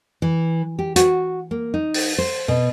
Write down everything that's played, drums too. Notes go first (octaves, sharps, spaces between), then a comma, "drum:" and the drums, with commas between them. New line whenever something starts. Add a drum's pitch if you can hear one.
E3
G4
F#4, drum: hi-hat
A#3
D#4
drum: open hi-hat
C5
B2